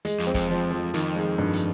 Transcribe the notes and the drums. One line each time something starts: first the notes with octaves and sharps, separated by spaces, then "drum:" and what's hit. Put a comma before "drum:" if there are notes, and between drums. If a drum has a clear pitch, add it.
G#3, drum: hi-hat
F2, drum: hi-hat
C4
F2, drum: kick, hi-hat
F3
F3
F2 D#3, drum: hi-hat
G#3
G2
drum: hi-hat